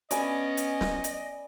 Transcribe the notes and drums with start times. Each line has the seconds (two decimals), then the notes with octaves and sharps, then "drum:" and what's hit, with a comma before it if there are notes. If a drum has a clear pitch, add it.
0.11 B3 C#4 D5 D#5 G#5 B5, drum: hi-hat
0.57 drum: hi-hat
0.81 drum: snare
1.04 drum: hi-hat